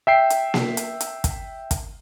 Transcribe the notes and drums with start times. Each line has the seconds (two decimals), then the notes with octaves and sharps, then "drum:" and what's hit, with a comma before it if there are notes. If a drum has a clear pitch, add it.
0.07 E5 G5 C7
0.30 drum: hi-hat
0.54 drum: snare A#3
0.77 drum: hi-hat
1.01 drum: hi-hat
1.24 drum: kick, hi-hat
1.71 drum: kick, hi-hat